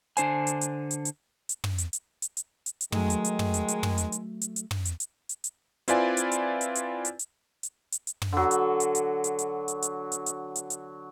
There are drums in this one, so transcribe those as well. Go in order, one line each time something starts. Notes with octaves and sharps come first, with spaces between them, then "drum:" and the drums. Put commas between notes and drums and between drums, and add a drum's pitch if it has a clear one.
D3 D4 C5 G#5, drum: hi-hat
drum: hi-hat
drum: hi-hat
drum: hi-hat
drum: hi-hat
drum: hi-hat
drum: tom
drum: hi-hat
drum: hi-hat
drum: hi-hat
drum: hi-hat
drum: hi-hat
drum: hi-hat
D#3 F#3 G#3 A3, drum: tom
drum: hi-hat
drum: hi-hat
drum: tom
drum: hi-hat
drum: hi-hat
drum: tom
drum: hi-hat
drum: hi-hat
drum: hi-hat
drum: hi-hat
drum: tom
drum: hi-hat
drum: hi-hat
drum: hi-hat
drum: hi-hat
C4 E4 F4 B4 D5 G#5, drum: hi-hat
drum: hi-hat
drum: hi-hat
drum: hi-hat
drum: hi-hat
drum: hi-hat
drum: hi-hat
drum: hi-hat
drum: hi-hat
drum: hi-hat
drum: tom
D3 F#3
drum: hi-hat
drum: hi-hat
drum: hi-hat
drum: hi-hat
drum: hi-hat
drum: hi-hat
drum: hi-hat
drum: hi-hat
drum: hi-hat
drum: hi-hat
drum: hi-hat